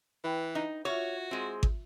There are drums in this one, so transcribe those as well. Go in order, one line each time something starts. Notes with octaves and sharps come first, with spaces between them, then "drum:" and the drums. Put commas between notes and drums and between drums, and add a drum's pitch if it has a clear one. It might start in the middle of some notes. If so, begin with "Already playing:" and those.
E3 B4 G5 B5
D#4
F4 F#4 C#5 E5 E6
G#3 C4
drum: kick